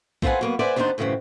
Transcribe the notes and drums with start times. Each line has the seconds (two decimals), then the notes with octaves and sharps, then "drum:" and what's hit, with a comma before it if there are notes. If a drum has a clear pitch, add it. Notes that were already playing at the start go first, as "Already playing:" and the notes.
0.22 A3 C4 F4 B4 F#5 G#5, drum: kick
0.41 F#3 A#3 B3
0.59 B4 C5 D5 E5 F#5 G#5
0.76 D#2 D#3 B3 D4 D#4 C5
0.98 F#2 A2 C#3 E3 C4